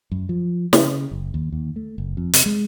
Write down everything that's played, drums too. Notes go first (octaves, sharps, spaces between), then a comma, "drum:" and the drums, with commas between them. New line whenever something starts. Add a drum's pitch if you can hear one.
F#2
F3
C#3, drum: snare
F#1
D#2
D#2
A3
F#1
F2
C3, drum: hi-hat
G#3